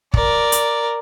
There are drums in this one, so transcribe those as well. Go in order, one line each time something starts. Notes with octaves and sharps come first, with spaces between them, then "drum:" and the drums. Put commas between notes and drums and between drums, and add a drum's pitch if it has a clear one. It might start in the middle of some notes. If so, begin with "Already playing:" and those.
A#4 D5, drum: kick
drum: hi-hat